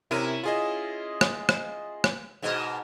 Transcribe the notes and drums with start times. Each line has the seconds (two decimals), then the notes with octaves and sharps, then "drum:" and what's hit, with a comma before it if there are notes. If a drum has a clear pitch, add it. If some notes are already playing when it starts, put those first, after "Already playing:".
0.11 C3 C#4 E4 A#4 D#7
0.44 F4 G#4 D#5
1.21 drum: rim click
1.49 drum: rim click
2.04 drum: rim click
2.42 G#2 B2 D#5